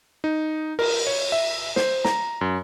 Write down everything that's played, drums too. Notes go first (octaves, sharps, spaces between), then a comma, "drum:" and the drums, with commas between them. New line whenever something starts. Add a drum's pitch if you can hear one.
D#4
A#4, drum: cymbal
C#5
E5
C5, drum: snare
A#5, drum: snare
F#2